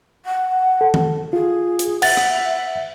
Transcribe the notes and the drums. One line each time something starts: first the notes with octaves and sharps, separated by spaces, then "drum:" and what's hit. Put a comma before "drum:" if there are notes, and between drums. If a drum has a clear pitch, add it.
F#5
A4
drum: tom D#3
F4 G#4
drum: hi-hat
E5 F#5 A6, drum: cymbal
drum: rim click